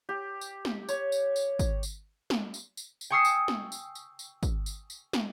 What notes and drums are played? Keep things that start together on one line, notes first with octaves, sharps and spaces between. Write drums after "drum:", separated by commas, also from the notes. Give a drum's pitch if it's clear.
G4
drum: tambourine
drum: snare
C#5, drum: tambourine
drum: tambourine
drum: tambourine
drum: kick, tambourine
drum: tambourine
drum: snare
drum: tambourine
drum: tambourine
drum: tambourine
G5 G#5 C#6 D#6 E6 C7
drum: tambourine
drum: snare
drum: tambourine
drum: tambourine
drum: tambourine
drum: kick, tambourine
drum: tambourine
drum: tambourine
drum: snare